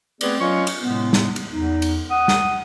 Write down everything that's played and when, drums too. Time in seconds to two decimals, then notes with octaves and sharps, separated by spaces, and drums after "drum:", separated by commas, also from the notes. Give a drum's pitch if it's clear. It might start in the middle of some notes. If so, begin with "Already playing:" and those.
0.21 A3 B3 C4 G#4 B4 D5, drum: cymbal
0.40 F#3 C#4 F4 C#5 D#5 C#6
0.67 drum: cymbal
0.82 A2 C3 G#3 B3
1.13 drum: snare
1.36 drum: cymbal
1.52 E2 D#4
1.82 drum: cymbal
2.10 F#5 D#6
2.28 drum: snare